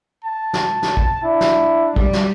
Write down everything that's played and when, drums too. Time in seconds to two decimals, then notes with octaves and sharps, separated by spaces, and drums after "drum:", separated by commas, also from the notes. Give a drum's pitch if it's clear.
0.24 A5
0.53 drum: snare
0.82 drum: snare
0.97 drum: kick
1.23 D4 E4
1.41 drum: snare
1.96 G3, drum: kick
2.13 drum: snare